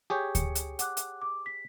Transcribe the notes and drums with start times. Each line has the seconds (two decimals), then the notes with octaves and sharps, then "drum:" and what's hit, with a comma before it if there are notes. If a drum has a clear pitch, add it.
0.10 G4 G#4 C#5 G#5 G6
0.35 C#7, drum: kick D2, hi-hat
0.55 drum: hi-hat
0.79 F#5 D6 F#6, drum: hi-hat
0.97 drum: hi-hat
1.22 D6
1.46 B6